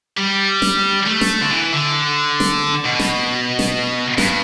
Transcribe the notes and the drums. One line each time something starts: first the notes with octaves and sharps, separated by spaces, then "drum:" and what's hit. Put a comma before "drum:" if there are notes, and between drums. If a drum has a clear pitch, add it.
G3
drum: snare
A3
drum: snare
D3
E3
D3
drum: snare
B2
drum: snare
drum: snare
G2, drum: snare